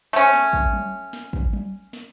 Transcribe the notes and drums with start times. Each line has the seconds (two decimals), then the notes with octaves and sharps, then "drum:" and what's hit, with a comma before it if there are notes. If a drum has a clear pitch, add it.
0.13 A3 C#4
0.33 drum: snare
0.53 drum: kick
0.73 drum: tom F#3
1.13 drum: snare
1.33 drum: kick
1.53 drum: tom F#3
1.93 drum: snare